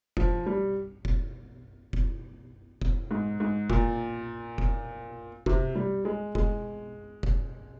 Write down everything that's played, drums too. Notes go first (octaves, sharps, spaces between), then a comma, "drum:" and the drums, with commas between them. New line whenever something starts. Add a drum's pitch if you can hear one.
F3, drum: kick F1
G3
drum: kick F1
drum: kick F1
drum: kick F1
G#2
G#2
A#2, drum: kick F1
drum: kick F1
C3, drum: kick F1
G3
G#3
G#3, drum: kick F1
drum: kick F1